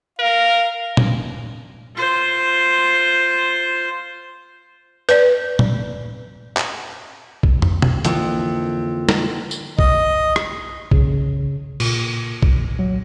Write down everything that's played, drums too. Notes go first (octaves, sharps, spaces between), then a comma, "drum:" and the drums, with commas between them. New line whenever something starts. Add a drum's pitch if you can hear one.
A#4 F5
drum: tom
F4 C5
B4 D5, drum: hi-hat
drum: tom
drum: clap
drum: kick B1
drum: tom
drum: tom
F2 D3 E3 A#3, drum: hi-hat
drum: snare
drum: tambourine
D#5, drum: kick B1
drum: rim click
C#3, drum: kick B1
A#2, drum: cymbal
drum: kick B1
F#3